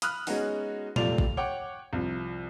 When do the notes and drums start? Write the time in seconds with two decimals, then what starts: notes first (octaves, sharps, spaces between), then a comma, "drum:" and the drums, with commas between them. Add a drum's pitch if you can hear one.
0.02 B5 D#6 F6 F#6, drum: hi-hat
0.27 G#3 B3 C#4 D#4 F#4, drum: open hi-hat
0.96 F2 C3 A3 F4 D5 F7, drum: tom A#2
1.18 drum: kick
1.37 C#5 F#5 G5 D6
1.93 C2 F3